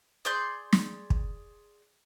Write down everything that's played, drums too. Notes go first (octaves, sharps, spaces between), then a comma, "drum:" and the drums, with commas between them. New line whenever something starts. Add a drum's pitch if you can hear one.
G#4 D5 C6 G6
drum: snare
drum: kick